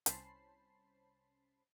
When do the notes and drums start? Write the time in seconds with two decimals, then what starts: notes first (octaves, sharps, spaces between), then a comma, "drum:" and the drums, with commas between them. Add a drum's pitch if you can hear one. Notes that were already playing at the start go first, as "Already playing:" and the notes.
0.06 C2 C#4 C5 A5 B5 C7, drum: hi-hat